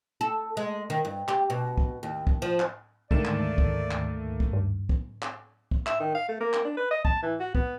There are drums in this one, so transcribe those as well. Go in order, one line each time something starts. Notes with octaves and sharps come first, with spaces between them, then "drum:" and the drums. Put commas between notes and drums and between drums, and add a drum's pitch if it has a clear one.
A4
G#3
D#3
G2
G4, drum: clap
B2
drum: kick
D#2
drum: kick
F3
drum: clap
D2 G#2 D#3 A3 A#3 D5 E7, drum: kick
drum: clap
drum: kick
drum: clap
drum: kick
G2
drum: kick
drum: clap
drum: kick
E5, drum: clap
D#3
F5
A3
A#3
drum: clap
D4
B4
D#5
A5, drum: kick
E3
F#4
B3, drum: kick